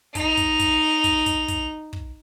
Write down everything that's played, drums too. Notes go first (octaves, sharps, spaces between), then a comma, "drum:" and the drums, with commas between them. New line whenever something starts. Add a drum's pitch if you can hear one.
D#4 F7, drum: kick, hi-hat
drum: kick, hi-hat
drum: kick, hi-hat
drum: kick, hi-hat
drum: kick, hi-hat
drum: kick, hi-hat
drum: kick